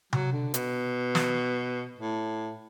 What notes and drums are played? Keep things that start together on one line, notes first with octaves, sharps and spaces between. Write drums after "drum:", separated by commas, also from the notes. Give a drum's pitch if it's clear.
F#3, drum: tom C3
D3
B2, drum: hi-hat
drum: snare
A2